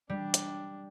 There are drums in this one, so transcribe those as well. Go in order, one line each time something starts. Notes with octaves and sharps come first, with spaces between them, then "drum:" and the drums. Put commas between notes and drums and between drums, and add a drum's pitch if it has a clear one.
G3 D4
drum: hi-hat